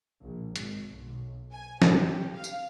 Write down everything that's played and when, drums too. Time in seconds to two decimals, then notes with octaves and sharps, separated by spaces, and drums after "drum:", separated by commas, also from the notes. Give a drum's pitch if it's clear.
0.22 A#1
0.56 G#1, drum: hi-hat
0.92 B1
1.52 G#5
1.82 G4, drum: snare
2.35 F5
2.44 drum: tambourine